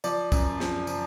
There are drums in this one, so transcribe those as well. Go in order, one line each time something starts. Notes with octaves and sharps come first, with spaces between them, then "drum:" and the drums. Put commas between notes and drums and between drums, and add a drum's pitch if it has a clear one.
F3 D5, drum: tambourine
F#2, drum: kick, tambourine
F3, drum: snare
F3, drum: tambourine